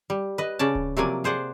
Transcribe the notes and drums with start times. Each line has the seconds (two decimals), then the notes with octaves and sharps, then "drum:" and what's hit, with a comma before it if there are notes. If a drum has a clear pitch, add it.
0.10 G3
0.38 B4 D#5
0.59 C#3 C#4 D5 A5
0.75 drum: kick D1
0.97 C3 F3 F#3 A#3 D5 G#5
1.24 G#4 C5 D5 F#5